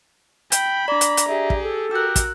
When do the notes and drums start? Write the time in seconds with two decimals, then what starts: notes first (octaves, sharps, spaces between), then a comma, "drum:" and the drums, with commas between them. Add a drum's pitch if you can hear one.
0.52 G5 B5, drum: hi-hat
0.88 D4 D5 A#5 D6
1.01 drum: hi-hat
1.17 drum: hi-hat
1.27 G4 G#4 E5
1.50 drum: kick
1.62 A4
1.91 F#4 G4 A#4 E6 F#6
2.16 drum: kick, hi-hat